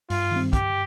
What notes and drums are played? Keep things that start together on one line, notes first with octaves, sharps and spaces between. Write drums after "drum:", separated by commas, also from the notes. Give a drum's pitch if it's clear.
G2 F4, drum: open hi-hat
D#3 G3 C4
G2 G4, drum: kick, hi-hat